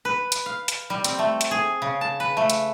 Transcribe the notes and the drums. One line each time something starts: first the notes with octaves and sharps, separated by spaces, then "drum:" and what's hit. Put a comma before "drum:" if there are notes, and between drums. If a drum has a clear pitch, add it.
B4
drum: hi-hat
F5
drum: hi-hat
G3
C4, drum: hi-hat
A3
drum: hi-hat
G#4
C#3
A5
B4
A3
drum: hi-hat